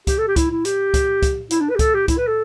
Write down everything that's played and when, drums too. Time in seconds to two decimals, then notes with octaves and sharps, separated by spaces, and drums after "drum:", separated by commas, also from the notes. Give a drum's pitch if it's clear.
0.07 G4, drum: kick C#2, hi-hat
0.18 A4
0.27 G4
0.36 E4, drum: kick C#2, hi-hat
0.50 E4
0.65 G4, drum: hi-hat
0.94 drum: kick C#2, hi-hat
1.22 drum: kick C#2, hi-hat
1.50 E4, drum: hi-hat
1.61 D4
1.70 B4
1.75 G4
1.79 A4, drum: kick C#2, hi-hat
1.94 G4
2.08 E4, drum: kick C#2, hi-hat
2.18 B4
2.27 A4